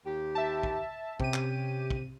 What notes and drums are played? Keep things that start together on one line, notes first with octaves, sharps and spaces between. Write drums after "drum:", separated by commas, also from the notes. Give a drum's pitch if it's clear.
D#2 G4
E5 A5
drum: kick
C3 C#4 G4 D#7, drum: kick
drum: clap
drum: kick